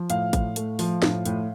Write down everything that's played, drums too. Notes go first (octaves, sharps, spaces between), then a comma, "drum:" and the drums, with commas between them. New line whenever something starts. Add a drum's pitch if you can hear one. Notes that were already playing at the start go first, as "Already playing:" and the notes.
Already playing: F3
A2 F5, drum: hi-hat
A2, drum: kick, hi-hat
A3, drum: hi-hat
F3, drum: open hi-hat
A2, drum: snare
A2, drum: hi-hat